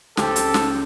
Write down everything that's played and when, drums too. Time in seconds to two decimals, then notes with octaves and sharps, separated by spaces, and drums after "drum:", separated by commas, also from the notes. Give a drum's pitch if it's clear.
0.17 C#2 C4 G4 A4, drum: snare
0.36 drum: hi-hat
0.54 drum: snare